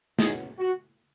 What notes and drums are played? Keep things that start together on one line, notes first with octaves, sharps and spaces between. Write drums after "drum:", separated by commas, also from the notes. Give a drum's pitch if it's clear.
F#1 F#2 F#3 B3 D#4 G#4, drum: snare
F#4